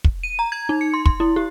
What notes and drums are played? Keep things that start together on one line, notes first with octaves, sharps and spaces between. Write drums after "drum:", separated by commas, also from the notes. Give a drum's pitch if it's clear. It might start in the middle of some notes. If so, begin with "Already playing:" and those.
drum: kick
D#7
A#5
G#6
D#4
C#7
C6
C6, drum: kick
E4
G4